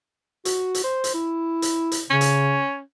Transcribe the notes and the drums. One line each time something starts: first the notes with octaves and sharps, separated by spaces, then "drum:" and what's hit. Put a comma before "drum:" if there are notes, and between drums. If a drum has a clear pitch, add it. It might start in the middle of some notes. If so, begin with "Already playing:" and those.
F#4, drum: hi-hat
drum: hi-hat
C5
drum: hi-hat
E4
drum: hi-hat
drum: hi-hat
C#3 C#4
drum: hi-hat